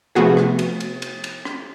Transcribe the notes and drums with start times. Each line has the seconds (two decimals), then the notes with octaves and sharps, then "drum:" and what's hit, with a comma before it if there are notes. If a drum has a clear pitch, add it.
0.15 C3 F3 A3 B3 F#4 G#4
0.37 drum: rim click
0.59 drum: cymbal
0.80 drum: cymbal
1.02 drum: cymbal
1.24 drum: cymbal
1.45 drum: rim click